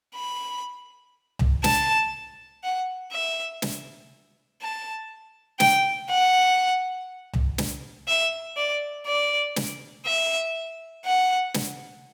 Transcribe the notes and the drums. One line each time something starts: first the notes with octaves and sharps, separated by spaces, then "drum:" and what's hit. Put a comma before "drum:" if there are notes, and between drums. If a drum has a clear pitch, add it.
B5
drum: tom C2
A5, drum: snare
F#5
E5
drum: snare
A5
G5, drum: snare
F#5
drum: tom C2
drum: snare
E5
D5
D5
drum: snare
E5
F#5
drum: snare